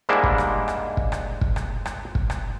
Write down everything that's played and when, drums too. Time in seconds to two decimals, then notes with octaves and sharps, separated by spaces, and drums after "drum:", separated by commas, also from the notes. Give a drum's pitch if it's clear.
0.09 G#2 G3 G#3 A#3 D4 E4
0.24 drum: kick
0.38 drum: rim click
0.68 drum: rim click
0.97 drum: kick
1.12 drum: rim click
1.41 drum: kick
1.56 drum: rim click
1.85 drum: rim click
2.15 drum: kick
2.30 drum: rim click